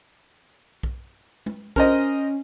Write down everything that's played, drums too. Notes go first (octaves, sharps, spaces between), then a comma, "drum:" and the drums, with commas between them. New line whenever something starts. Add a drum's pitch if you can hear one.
drum: kick B1
drum: tom
C#4 A#4 C5 D#5, drum: kick B1